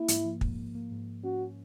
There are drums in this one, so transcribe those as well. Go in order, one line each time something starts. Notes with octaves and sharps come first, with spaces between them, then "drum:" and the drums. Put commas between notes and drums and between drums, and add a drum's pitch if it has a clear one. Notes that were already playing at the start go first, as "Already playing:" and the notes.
Already playing: A#3 E4
G#2, drum: hi-hat
F3
G#2, drum: kick
G#2
A#3
G#2
G#2
C#4 F#4
C#4